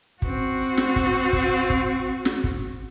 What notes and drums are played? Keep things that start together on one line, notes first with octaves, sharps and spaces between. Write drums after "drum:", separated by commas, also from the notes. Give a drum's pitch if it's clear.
C4 F#4, drum: kick
drum: snare
drum: kick
drum: kick
drum: kick
drum: snare
drum: kick